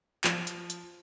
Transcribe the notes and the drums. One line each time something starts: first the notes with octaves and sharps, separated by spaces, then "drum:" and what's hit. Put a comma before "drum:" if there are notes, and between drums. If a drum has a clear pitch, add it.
F3, drum: clap
drum: hi-hat
drum: hi-hat